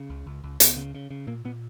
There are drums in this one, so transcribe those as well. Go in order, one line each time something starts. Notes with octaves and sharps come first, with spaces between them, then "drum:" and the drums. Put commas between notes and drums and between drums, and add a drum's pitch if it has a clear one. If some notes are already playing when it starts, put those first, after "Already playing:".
Already playing: C#3
C#2
C#2
C#2
C#2 B3, drum: hi-hat
C#3
C#3
C#3
A#2 A#3
A#2 B3